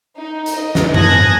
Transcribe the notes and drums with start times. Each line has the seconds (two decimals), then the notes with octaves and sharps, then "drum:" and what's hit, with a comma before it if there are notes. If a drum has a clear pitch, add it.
0.18 D#4
0.46 drum: hi-hat
0.55 D#5
0.75 drum: snare
0.94 G#5 A5 D#6 F#6 G#6 A#6, drum: tom G#2